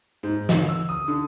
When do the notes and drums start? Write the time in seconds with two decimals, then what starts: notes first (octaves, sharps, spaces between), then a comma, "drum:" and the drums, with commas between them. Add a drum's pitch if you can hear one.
0.23 G#2
0.49 D#3, drum: snare
0.69 E6
0.89 D#6
1.08 D3